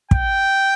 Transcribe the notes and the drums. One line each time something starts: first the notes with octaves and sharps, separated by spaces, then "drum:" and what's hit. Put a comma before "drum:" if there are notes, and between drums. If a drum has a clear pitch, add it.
G5, drum: kick